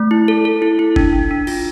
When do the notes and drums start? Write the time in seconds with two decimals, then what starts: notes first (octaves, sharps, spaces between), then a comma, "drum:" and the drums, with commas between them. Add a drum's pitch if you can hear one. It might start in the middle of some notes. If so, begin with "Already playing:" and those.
Already playing: A3
0.11 E4
0.28 A4
0.45 A4
0.62 E4
0.79 E4
0.96 D4, drum: kick F#1
1.13 D4
1.31 D4
1.47 F4, drum: cymbal